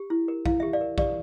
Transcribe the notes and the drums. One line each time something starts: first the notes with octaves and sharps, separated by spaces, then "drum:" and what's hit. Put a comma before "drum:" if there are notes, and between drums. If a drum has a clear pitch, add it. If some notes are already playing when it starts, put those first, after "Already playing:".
Already playing: G4
E4
A#4
E4 F5, drum: kick A#1
G4 E5
D5 F5
A#4
G4 D5 F5, drum: kick A#1